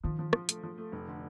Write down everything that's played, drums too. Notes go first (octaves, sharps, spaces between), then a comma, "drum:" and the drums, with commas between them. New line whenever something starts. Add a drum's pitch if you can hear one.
D#3 F3
F3
F3, drum: rim click
A3, drum: hi-hat
F3
A3
F1
D3